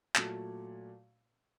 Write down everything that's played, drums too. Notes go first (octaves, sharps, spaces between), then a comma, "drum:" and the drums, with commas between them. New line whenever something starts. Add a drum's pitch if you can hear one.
A#2 F#3 A3, drum: clap